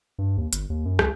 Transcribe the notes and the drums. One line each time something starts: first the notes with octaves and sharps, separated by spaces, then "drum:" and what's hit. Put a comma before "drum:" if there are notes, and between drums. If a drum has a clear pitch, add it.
G2
D#2
G1, drum: hi-hat
D#2
F#2
C#2, drum: rim click